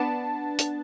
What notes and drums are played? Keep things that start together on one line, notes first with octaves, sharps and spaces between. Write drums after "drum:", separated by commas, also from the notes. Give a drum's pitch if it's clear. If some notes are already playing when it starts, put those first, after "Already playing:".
Already playing: B3 D4 A5
drum: hi-hat